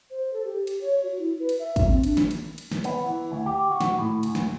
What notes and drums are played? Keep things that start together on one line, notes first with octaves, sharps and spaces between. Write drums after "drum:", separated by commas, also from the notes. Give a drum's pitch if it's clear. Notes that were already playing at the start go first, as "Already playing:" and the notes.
C5
A4
G4
drum: cymbal
C#5
F#4
E4
B4
drum: cymbal
E5
drum: kick, cymbal
C4
D4, drum: cymbal
drum: snare
drum: cymbal
drum: cymbal
drum: snare
B3, drum: cymbal
E3
D2
G4
F#4
drum: snare
A2
D2, drum: cymbal
drum: snare